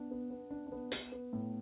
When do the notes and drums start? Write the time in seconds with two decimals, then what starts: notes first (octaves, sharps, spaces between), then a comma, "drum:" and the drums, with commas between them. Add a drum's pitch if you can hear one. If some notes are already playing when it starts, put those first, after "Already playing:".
Already playing: B3 D4
0.11 B3
0.30 B3
0.51 D4
0.67 D4
0.72 B3
0.92 B3, drum: hi-hat
1.12 B3
1.33 A2